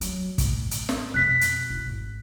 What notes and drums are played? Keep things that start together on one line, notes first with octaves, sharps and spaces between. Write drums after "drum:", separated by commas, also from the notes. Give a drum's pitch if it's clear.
F#3, drum: hi-hat
A2, drum: kick, hi-hat
drum: hi-hat
drum: snare
F2 B2 F#6 B6
drum: hi-hat
E4
G#1